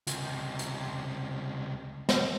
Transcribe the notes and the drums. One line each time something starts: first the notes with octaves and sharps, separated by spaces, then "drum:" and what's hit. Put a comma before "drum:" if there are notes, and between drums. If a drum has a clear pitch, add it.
C#2 C3, drum: hi-hat
drum: hi-hat
drum: snare